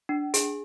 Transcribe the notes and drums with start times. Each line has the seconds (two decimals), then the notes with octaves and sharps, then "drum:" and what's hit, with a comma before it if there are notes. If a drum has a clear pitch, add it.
0.09 D4
0.34 G#4, drum: hi-hat